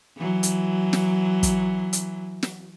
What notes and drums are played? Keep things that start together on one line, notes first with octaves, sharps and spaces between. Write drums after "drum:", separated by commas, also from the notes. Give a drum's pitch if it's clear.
E3 F#3
drum: hi-hat
drum: snare
drum: kick, hi-hat
drum: hi-hat
drum: snare